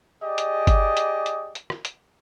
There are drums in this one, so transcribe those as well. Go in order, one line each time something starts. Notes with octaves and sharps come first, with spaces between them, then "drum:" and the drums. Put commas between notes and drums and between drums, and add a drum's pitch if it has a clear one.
G4 G#4 D5 D#5
drum: hi-hat
drum: kick G1, hi-hat
drum: hi-hat
drum: hi-hat
drum: hi-hat
drum: rim click
drum: hi-hat